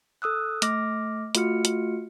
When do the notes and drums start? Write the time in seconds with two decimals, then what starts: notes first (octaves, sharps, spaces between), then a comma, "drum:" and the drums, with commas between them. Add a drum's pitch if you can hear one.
0.22 A4 D#6 E6 F#6
0.62 A3 D6 F6 A#6, drum: hi-hat
1.35 A3 F4 F#4 F6 C#7, drum: hi-hat
1.65 drum: hi-hat